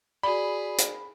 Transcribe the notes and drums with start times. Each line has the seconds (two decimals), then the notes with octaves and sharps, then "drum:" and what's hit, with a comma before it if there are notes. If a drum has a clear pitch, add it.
0.23 F#4 G#4 D5 B5
0.78 drum: hi-hat